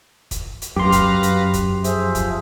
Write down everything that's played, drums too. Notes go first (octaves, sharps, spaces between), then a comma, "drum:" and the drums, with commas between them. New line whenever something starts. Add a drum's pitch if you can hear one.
drum: kick, hi-hat
drum: hi-hat
F#2 G4 B4 F5 A#5 C6
drum: kick, hi-hat
drum: hi-hat
drum: kick, hi-hat
F3 G#4 C5 E5, drum: hi-hat
drum: kick, hi-hat